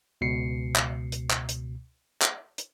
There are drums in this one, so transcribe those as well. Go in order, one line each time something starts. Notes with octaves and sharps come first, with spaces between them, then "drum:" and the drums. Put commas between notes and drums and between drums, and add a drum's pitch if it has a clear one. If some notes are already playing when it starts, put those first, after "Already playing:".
C#2 B2 C7 C#7
drum: clap
drum: hi-hat
drum: clap
drum: hi-hat
drum: clap
drum: hi-hat